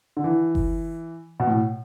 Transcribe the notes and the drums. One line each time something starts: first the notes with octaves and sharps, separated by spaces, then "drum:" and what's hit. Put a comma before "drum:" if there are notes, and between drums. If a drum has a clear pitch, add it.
D3
E3
drum: kick F#1
B2
A2